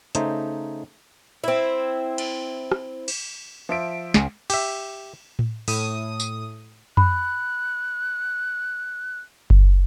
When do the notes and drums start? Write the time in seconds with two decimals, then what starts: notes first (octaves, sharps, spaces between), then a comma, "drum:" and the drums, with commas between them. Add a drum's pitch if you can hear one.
0.15 C#3 A3 D#4 C5, drum: hi-hat
1.44 C4 E4
2.18 drum: cymbal
2.72 drum: rim click
3.08 drum: cymbal
3.69 F3 E5 D7
4.14 C#2 C#3, drum: snare
4.50 G4 E5, drum: cymbal
5.39 drum: tom A2
5.68 A2 D#6, drum: open hi-hat
6.20 drum: tambourine
6.97 B5 F#6, drum: tom F2
9.50 drum: kick F#1